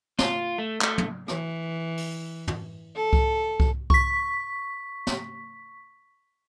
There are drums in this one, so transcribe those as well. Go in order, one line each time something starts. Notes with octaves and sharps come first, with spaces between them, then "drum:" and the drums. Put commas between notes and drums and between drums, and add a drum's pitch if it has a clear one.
F4, drum: snare
A3
A3, drum: clap
drum: tom
E3, drum: rim click
drum: open hi-hat
drum: tom
A4
drum: kick C2
drum: kick C2
C#6 B6, drum: kick C2
drum: snare